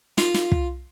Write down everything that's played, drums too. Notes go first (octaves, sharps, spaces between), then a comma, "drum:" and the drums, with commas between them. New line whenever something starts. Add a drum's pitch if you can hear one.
F4, drum: snare
drum: snare
drum: kick